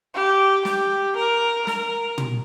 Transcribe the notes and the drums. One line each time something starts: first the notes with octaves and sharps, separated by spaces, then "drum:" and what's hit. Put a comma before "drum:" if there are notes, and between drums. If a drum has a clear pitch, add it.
G4
G4, drum: snare
A#4
A#4, drum: snare
drum: tom